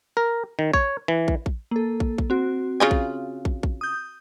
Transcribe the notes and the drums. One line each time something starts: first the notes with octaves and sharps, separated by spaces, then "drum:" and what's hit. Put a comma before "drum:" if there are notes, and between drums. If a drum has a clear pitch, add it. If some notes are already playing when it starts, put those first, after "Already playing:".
A#4
D#3
C#5, drum: kick
E3
drum: kick
drum: kick
A#3 A4
drum: kick
drum: kick
C4 F#4
C#3 F4 G#5
drum: kick
drum: kick
drum: kick
D#6 G6